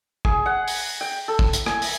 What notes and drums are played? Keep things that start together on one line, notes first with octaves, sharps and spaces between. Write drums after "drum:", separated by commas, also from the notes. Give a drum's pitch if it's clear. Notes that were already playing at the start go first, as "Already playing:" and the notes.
G#4, drum: kick
F#5
drum: open hi-hat
G5
A4
drum: kick
drum: hi-hat
G#5, drum: rim click
drum: open hi-hat